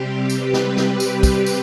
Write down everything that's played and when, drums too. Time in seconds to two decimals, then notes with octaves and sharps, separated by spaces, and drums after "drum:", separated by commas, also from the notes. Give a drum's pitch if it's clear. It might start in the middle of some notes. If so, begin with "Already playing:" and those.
Already playing: C3 G3 C4 G4
0.30 B4, drum: tambourine
0.53 drum: snare
0.77 drum: snare
1.00 drum: tambourine
1.23 drum: kick, tambourine
1.46 drum: tambourine